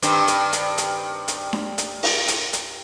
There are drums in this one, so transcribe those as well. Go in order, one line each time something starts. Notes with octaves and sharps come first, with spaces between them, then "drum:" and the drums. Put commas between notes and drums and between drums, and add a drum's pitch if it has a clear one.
G2 D#3 C4, drum: hi-hat
drum: hi-hat
drum: hi-hat
drum: hi-hat
drum: hi-hat
drum: snare D4
drum: hi-hat
drum: open hi-hat
drum: hi-hat
drum: hi-hat